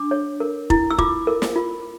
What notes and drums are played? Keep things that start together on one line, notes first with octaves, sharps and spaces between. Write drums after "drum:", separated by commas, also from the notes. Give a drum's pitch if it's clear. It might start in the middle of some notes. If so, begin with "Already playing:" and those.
Already playing: D4 D6
C#5
A#4
E4, drum: kick F1
E6
F4 D6, drum: kick F1
A#4
drum: snare
F4